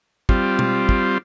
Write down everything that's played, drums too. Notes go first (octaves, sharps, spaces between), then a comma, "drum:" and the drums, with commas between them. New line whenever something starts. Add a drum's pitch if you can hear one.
G3 C4 F4, drum: kick
drum: tom B2
drum: kick